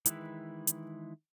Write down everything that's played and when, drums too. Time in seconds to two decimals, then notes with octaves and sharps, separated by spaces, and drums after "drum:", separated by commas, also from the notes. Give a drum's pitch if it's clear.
0.06 D#3 E3 G#3 E4 B4, drum: hi-hat
0.67 drum: hi-hat